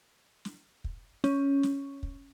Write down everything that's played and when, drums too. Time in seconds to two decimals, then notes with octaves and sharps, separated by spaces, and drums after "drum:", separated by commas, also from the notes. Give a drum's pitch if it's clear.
0.45 drum: snare
0.84 drum: kick
1.24 C#4, drum: snare
1.63 drum: snare
2.03 drum: kick